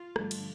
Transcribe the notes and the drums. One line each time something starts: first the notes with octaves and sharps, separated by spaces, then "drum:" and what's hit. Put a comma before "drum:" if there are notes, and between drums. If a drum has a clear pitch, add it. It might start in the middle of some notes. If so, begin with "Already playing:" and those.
Already playing: F4
G2 D3 F3 A3, drum: rim click
drum: cymbal